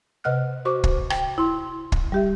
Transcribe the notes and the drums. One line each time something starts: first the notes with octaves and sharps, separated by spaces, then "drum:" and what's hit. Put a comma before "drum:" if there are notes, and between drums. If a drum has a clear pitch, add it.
C3 B4 D#5 F#5 F6 F#6
F#4 C5 C#6 D6
drum: kick
G5, drum: rim click
E4 C6
drum: kick
G3 G4 E5